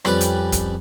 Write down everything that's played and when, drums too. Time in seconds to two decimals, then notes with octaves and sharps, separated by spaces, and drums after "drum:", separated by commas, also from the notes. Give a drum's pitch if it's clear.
0.05 F2 G3 C#4 B4 D5, drum: rim click
0.21 drum: hi-hat
0.52 drum: kick, hi-hat